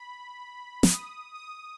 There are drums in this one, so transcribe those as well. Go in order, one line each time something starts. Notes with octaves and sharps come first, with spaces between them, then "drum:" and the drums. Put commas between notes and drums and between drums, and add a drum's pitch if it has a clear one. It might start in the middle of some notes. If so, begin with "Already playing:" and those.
Already playing: B5
D#6, drum: snare
D#6